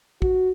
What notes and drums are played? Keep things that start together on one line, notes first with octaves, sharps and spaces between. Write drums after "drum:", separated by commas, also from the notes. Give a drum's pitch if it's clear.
F#4, drum: kick